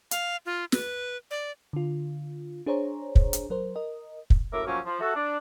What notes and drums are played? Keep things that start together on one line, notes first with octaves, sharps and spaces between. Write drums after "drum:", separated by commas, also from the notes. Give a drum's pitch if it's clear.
F5, drum: hi-hat
F4
B4, drum: snare
D5
D3 F4
D4 G#4 C5 C#5 A#5
drum: kick
drum: hi-hat
F#3 A#4 C5
A#4 D#5
drum: kick
F#2 A2 A#4 E5 D6
F3 F#3 A3 A#3 C#4
F3
A3 F#4 A4
D4